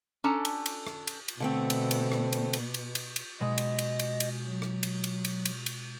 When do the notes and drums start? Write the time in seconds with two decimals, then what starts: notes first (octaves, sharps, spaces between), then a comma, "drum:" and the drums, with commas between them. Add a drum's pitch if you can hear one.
0.24 C#4 D4 A4 A5 A#5
0.45 drum: cymbal
0.66 drum: cymbal
0.87 drum: rim click
1.07 drum: cymbal
1.28 drum: cymbal
1.40 B2 D3 A3 C4
1.70 drum: cymbal
1.91 drum: cymbal
2.12 drum: rim click
2.33 drum: cymbal
2.53 drum: cymbal
2.74 drum: cymbal
2.95 drum: cymbal
3.16 drum: cymbal
3.40 B2 G#3 D#5
3.58 drum: cymbal
3.79 drum: cymbal
3.99 drum: cymbal
4.20 drum: cymbal
4.47 F#3
4.62 drum: rim click
4.83 drum: cymbal
5.04 drum: cymbal
5.25 drum: cymbal
5.45 drum: cymbal
5.66 drum: cymbal